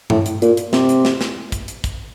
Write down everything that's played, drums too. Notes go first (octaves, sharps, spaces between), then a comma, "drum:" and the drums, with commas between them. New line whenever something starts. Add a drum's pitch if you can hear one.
A2, drum: tom G2
drum: hi-hat
A#2, drum: hi-hat
drum: hi-hat
C3, drum: snare
drum: hi-hat
drum: snare
drum: snare
drum: kick, hi-hat
drum: hi-hat
drum: kick, hi-hat